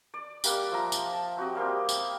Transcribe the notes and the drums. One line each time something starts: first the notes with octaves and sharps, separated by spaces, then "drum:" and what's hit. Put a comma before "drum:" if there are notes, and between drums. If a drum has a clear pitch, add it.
D5
G3 A#3 G4 F#5, drum: tambourine
F3 E5 A#5
drum: tambourine
A5
C4 F#4 G4 D#5
G3 A#3 C4 G4
drum: tambourine